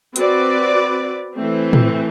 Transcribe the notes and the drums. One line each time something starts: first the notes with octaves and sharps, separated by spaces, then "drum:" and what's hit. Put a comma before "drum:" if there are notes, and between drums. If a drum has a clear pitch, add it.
C4 F#4 B4 D5, drum: hi-hat
E3 A3 C4
drum: tom